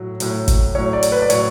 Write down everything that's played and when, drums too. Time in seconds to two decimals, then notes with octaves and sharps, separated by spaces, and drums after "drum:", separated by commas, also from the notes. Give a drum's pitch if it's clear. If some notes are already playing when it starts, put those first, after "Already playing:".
Already playing: A2 F#3
0.20 A2 F#3, drum: hi-hat
0.48 drum: kick, hi-hat
0.75 A2 F#3 C#5
0.93 D5
1.03 drum: hi-hat
1.12 B4
1.22 D5
1.30 A2 F#3 C#5, drum: hi-hat